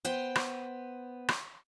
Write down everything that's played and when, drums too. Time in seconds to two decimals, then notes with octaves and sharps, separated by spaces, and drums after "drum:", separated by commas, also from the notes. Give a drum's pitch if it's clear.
0.05 B3 C5 G5
0.35 drum: rim click
1.28 drum: rim click